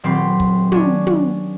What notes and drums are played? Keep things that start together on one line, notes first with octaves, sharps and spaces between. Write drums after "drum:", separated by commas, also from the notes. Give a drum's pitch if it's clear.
D#1 F#3 C4 G4 B5 C6
drum: kick
C#4 D4, drum: tom
drum: tom